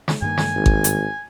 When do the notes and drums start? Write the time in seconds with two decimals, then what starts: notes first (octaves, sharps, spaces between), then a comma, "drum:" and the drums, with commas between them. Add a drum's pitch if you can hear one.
0.08 drum: snare
0.22 G2 D#3 A#3 G#5
0.37 drum: snare
0.55 G#1
0.66 drum: kick G#1
0.84 drum: hi-hat